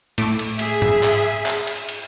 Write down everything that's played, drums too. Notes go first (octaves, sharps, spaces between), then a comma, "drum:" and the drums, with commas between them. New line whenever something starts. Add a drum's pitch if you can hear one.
A2 A3 D6, drum: cymbal
drum: cymbal
G#4 E5, drum: cymbal
drum: tom G#2
drum: clap
drum: clap
drum: cymbal
drum: cymbal